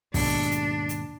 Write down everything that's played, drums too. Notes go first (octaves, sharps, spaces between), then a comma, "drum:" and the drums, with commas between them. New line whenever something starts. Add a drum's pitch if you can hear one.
D#2 G#2 B2 D4, drum: kick, open hi-hat
drum: hi-hat
drum: hi-hat